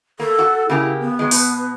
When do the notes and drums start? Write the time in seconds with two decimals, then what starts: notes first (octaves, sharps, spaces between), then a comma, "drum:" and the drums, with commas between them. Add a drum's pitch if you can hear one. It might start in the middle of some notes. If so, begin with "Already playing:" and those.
0.20 A#3 A4
0.39 F#4
0.69 C#3 A#3 E4 G4
1.00 B3
1.19 F#3 G#3
1.31 B2, drum: open hi-hat